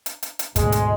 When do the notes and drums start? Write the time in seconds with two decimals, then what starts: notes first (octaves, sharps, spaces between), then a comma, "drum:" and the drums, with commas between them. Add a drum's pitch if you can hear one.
0.06 drum: hi-hat
0.23 drum: hi-hat
0.39 drum: hi-hat
0.56 D2 G#2 B2 G#3, drum: kick, hi-hat
0.72 drum: hi-hat